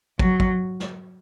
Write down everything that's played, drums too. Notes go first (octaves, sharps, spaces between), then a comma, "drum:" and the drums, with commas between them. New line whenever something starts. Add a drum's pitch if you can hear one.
F#3, drum: kick
drum: kick
drum: snare